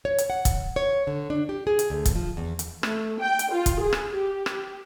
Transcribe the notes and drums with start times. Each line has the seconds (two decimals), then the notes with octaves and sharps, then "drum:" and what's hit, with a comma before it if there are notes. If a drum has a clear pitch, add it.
0.05 C#5
0.18 drum: hi-hat
0.30 F#5
0.45 drum: kick, hi-hat
0.76 C#5
1.07 D3
1.30 D4
1.49 G4
1.67 G#4
1.79 drum: hi-hat
1.90 D2
2.05 drum: kick, hi-hat
2.15 F3
2.37 E2
2.59 drum: hi-hat
2.83 A3, drum: rim click
3.20 G5
3.39 drum: hi-hat
3.53 F4
3.66 drum: kick, hi-hat
3.82 G#4
3.93 drum: rim click
4.12 G4
4.46 drum: rim click